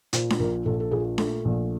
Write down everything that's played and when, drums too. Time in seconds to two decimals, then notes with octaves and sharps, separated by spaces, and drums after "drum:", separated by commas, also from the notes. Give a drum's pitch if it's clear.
0.13 A#2 C5, drum: hi-hat
0.30 drum: snare D4
0.39 A#1 A#4
0.65 A#1 A4
0.80 A4
0.91 A#2 G#4
1.18 A3 A4, drum: snare D4
1.45 A#1